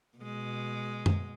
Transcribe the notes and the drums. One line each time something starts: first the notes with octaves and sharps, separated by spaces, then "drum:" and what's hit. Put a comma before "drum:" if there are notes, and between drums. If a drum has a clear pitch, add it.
B2 G#3
drum: tom F#2